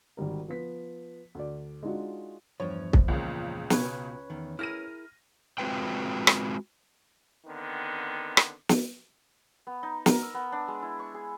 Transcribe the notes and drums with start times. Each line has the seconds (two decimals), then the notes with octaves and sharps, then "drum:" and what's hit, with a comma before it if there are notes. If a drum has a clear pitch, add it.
0.17 G#1 D#3 G3 A#4
0.48 F3 B3 B6
1.35 D2 D5
1.82 G#3 D4 D#4 F4 F#4
2.60 E2 G2 F3 C#5
2.93 drum: kick
3.08 C#2 A#2 C#3
3.70 B2 C#4 B4 C#5, drum: snare
4.30 E2 D#3
4.59 E4 G#4 A#4 F6 A#6 D#7
5.58 G#3 C4 F4 F#4 B4 G5
6.27 drum: rim click
7.46 D3 D#3 B3 C4
8.37 drum: rim click
8.69 drum: snare
9.67 B3
9.83 D#4
10.06 A#4, drum: snare
10.22 E6
10.34 B3
10.52 D4
10.68 G#3
10.82 E4
10.99 C#6
11.14 G#4